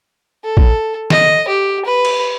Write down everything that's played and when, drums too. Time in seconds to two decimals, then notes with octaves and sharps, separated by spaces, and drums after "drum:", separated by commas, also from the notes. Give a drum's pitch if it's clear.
0.44 A4
0.57 drum: kick A#1
1.10 D#5, drum: snare
1.48 G4
1.85 B4
2.05 drum: cymbal